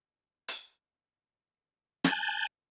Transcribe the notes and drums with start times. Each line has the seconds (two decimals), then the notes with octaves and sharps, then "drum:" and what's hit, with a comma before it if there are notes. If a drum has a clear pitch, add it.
0.48 drum: hi-hat
2.04 G#5 A5 F#6 G6, drum: snare